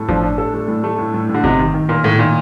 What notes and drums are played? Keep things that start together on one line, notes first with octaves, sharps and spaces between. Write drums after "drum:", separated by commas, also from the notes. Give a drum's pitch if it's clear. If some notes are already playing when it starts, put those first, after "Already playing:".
Already playing: A2 A3 A4
F3 D4, drum: kick G1
D4
A4
A3
A2
A3
A2
A2
A2
D3
C3 D#4, drum: kick G1
D#3
D#3
A#2 A#4
A2 A#4
A#2 D#3